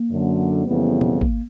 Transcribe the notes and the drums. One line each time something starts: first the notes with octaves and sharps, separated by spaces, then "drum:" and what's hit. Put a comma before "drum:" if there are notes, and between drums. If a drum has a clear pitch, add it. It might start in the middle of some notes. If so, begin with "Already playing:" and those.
Already playing: A#3
F#2 D3 F#3
F2 C#3 E3 G3 B3
drum: tom B2
A#3, drum: kick G#1